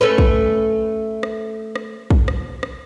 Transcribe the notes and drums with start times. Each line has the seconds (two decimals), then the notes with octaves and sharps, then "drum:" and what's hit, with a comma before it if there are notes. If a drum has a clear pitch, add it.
0.01 A3 C#4 B4
0.18 drum: kick
1.23 drum: rim click
1.76 drum: rim click
2.10 drum: kick
2.28 drum: rim click
2.63 drum: rim click